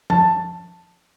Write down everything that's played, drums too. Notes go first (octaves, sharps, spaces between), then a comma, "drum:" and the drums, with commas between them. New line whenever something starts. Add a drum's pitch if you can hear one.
A5, drum: tom F3